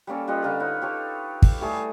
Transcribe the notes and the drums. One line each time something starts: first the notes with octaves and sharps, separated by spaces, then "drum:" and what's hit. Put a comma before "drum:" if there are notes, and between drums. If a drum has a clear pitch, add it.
G3 A#3 C#4 A4
G3 F4 B4 D#5
D3 F4 A#4
D#4 B4 C#5
G4 A4 C#5
drum: kick
G3 A3 E4 G#4